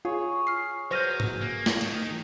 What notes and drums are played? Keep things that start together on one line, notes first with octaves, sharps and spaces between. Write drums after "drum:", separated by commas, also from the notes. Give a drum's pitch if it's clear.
F4 G#4 C#5
F6 C7
F#3 B4 C5 F6 G6 A#6 D#7
drum: tom G#2
A#3
drum: snare
D#3 D#4, drum: hi-hat